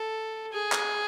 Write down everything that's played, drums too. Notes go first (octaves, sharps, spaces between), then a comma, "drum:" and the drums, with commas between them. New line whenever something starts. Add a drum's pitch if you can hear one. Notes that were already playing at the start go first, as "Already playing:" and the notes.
Already playing: A4
G#4
drum: clap